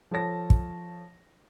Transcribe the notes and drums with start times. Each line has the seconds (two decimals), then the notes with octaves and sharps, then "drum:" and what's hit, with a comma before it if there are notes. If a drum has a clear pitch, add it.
0.11 F3 A4 C#5 A5 A#6
0.50 drum: kick